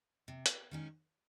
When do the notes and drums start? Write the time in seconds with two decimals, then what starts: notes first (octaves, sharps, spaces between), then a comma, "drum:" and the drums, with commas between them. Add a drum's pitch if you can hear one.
0.28 C3
0.46 drum: hi-hat
0.71 D#3 G#3 C#4